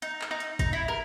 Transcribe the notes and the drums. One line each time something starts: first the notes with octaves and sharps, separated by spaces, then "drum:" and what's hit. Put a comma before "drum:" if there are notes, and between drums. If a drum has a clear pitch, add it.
D#4, drum: hi-hat
drum: clap
D#4
drum: hi-hat
D#4, drum: kick, hi-hat
E4
A#4